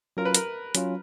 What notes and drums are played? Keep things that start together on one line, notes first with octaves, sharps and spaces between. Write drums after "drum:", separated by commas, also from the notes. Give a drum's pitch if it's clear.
F#3 C#4 F4 A#4
B4
A#4, drum: hi-hat
F#3 C#4 F4, drum: hi-hat